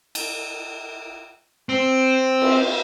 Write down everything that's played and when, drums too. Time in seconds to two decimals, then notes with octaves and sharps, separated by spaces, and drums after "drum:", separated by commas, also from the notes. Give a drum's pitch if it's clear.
0.15 drum: cymbal
1.69 C4
2.41 drum: cymbal